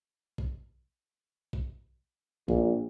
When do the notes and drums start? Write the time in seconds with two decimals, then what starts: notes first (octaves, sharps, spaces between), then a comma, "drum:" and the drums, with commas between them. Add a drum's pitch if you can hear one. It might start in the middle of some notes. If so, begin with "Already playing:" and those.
0.38 drum: kick A#1
1.53 drum: kick A#1
2.48 A#1, drum: kick A#1